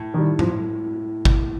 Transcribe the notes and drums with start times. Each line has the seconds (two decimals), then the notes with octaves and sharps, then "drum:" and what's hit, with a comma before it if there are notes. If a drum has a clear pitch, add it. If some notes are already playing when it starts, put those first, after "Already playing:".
Already playing: A2
0.14 D#3 G3
0.39 F3, drum: tom A2
1.25 drum: kick G#1